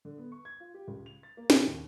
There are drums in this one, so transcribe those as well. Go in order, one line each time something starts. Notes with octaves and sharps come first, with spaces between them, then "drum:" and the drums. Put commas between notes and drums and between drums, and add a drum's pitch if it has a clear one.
D3
B3
C#6
G#6
F4
G4
C#2
F7
A6
A#3
C3, drum: snare
D#2